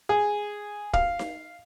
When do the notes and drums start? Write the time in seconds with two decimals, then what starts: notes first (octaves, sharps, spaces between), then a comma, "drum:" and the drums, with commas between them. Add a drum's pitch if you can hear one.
0.09 G#4
0.94 F5, drum: kick
1.19 drum: snare D#4